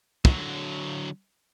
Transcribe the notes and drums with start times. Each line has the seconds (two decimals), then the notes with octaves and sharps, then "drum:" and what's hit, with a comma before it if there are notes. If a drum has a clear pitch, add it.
0.25 D3 F#3, drum: kick